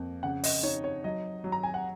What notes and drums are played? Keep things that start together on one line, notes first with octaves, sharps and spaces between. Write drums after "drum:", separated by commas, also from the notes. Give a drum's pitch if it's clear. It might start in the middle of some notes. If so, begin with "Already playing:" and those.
Already playing: F2 A#3
C#3 F#5
D#5, drum: open hi-hat
D#4 C#5
C#5
F#3 D#5
F#3
A#5
G#5
F#5